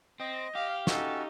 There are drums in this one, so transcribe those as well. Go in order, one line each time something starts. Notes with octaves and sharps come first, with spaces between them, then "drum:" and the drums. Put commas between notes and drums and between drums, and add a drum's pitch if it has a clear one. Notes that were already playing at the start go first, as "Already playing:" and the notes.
C4 D#5
G4 F5
A3 C#4 D#4 F#4 A4, drum: snare